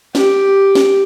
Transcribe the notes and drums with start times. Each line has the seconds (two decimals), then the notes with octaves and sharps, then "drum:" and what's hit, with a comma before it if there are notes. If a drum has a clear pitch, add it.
0.15 G4, drum: snare
0.75 drum: snare